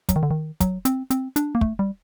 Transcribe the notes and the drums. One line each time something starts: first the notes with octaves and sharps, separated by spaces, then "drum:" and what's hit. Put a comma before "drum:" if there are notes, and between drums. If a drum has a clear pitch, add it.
F#3, drum: kick, hi-hat
D#3
D3
D#3
F#3, drum: kick, hi-hat
C4, drum: hi-hat
C4, drum: hi-hat
D4, drum: hi-hat
A#3
A3, drum: kick
G3